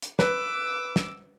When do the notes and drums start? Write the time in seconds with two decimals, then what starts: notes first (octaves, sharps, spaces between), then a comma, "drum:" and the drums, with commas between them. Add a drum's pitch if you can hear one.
0.02 drum: hi-hat
0.19 B4 D6 E6, drum: snare
0.96 drum: snare